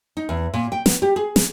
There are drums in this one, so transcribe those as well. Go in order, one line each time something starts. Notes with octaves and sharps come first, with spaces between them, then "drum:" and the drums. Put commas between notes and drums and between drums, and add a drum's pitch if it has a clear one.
D#4
E2
A#2
G5
B3, drum: snare
G4
G#4
drum: snare